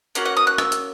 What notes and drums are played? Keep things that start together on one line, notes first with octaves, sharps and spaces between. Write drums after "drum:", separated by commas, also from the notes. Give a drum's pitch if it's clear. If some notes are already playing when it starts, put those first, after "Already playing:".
A#3 C#4 F#4 F#5, drum: hi-hat
F#5
D#6
F#6
E6, drum: rim click
drum: hi-hat